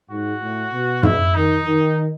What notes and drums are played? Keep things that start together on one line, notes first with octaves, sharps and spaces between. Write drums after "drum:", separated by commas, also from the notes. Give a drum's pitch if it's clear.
G#2 F#4
A2
B2
E4, drum: tom
D#3 D#4
D#3